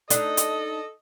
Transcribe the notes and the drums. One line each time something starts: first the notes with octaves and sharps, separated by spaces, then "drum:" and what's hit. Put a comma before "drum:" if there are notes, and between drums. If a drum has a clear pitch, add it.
D4 D#4 A4 D#5, drum: hi-hat
drum: hi-hat